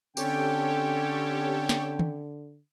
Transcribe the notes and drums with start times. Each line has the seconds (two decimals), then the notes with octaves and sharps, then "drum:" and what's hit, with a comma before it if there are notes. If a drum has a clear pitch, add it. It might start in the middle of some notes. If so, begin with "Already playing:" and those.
0.17 D3 C4 C#4 G4 A4 C#5 G5, drum: tambourine
1.69 drum: snare
1.99 drum: tom